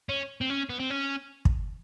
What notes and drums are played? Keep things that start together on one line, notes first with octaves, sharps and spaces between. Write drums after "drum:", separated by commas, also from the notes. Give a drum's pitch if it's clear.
C#4
C4
C#4
B3
C4
C#4
drum: kick